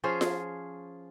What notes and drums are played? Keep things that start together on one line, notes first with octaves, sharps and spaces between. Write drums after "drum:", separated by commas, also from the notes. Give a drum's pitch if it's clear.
F3 C#4 G#4 C5
drum: snare F4